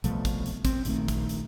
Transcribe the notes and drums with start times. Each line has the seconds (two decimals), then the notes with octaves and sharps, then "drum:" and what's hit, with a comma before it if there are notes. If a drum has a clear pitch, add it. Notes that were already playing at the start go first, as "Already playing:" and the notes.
0.04 C2 B2 F3 A3, drum: hi-hat
0.25 drum: kick, hi-hat
0.46 drum: hi-hat
0.65 C4, drum: kick, hi-hat
0.85 A#1 D#3 A3, drum: hi-hat
1.08 drum: kick, hi-hat
1.29 drum: hi-hat